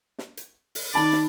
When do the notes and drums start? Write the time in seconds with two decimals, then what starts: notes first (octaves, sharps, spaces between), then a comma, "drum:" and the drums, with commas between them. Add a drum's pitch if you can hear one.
0.18 drum: snare
0.37 drum: hi-hat
0.75 drum: open hi-hat
0.94 D#3 D5 A5 B5
1.13 drum: snare